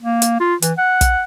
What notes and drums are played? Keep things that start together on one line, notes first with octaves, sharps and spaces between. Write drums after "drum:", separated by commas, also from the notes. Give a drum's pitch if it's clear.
A#3
drum: hi-hat
F4
E3, drum: hi-hat
F#5
drum: kick, hi-hat